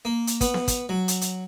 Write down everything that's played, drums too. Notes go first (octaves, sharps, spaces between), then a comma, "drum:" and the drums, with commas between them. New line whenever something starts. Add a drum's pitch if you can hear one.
A#3
drum: hi-hat
B3, drum: kick, hi-hat
drum: snare B3
drum: kick, hi-hat
F#3
drum: hi-hat
drum: hi-hat